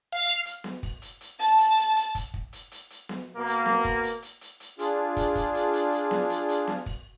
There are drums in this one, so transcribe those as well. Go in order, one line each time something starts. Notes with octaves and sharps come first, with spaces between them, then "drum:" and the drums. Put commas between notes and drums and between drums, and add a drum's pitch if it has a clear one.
F5
drum: hi-hat
drum: hi-hat
drum: snare B3
drum: kick, open hi-hat
drum: hi-hat
drum: hi-hat
A5, drum: hi-hat
drum: hi-hat
drum: hi-hat
drum: hi-hat
drum: kick, hi-hat
drum: kick
drum: hi-hat
drum: hi-hat
drum: hi-hat
drum: snare B3
B2 A#3
drum: hi-hat
drum: snare B3
drum: kick, open hi-hat
drum: hi-hat
drum: hi-hat
drum: hi-hat
drum: hi-hat
D4 F4 G#4, drum: hi-hat
drum: kick, hi-hat
drum: kick, hi-hat
drum: hi-hat
drum: hi-hat
drum: hi-hat
drum: snare B3
drum: hi-hat
drum: hi-hat
drum: snare B3
drum: kick, open hi-hat